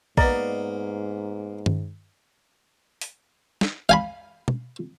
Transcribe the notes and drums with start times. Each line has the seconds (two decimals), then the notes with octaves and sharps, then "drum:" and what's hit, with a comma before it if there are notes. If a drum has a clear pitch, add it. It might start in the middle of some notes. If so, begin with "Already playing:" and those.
0.17 G#2 A#3 B3 D5 D#5 A#5, drum: kick A#1
1.66 drum: tom
3.01 drum: open hi-hat
3.61 drum: snare
3.89 F5 G#5 B5, drum: hi-hat
4.48 drum: tom